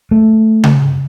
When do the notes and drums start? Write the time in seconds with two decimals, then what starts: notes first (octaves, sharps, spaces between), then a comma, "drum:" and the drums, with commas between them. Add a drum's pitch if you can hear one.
0.11 A3
0.64 drum: tom C#3